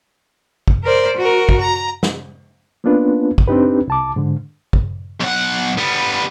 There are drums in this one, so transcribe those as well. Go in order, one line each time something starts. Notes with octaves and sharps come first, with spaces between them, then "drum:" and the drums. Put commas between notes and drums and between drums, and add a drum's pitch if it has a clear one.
drum: kick
A#4 C5 D5
F#4 A#4
drum: kick
A#5
drum: snare
A#3 B3 C#4 D4 F4 B4
drum: kick
C4 D4 D#4 G4 B4
C2 A5 D6
G#2 D3
drum: kick
B1 F#5
G3 B3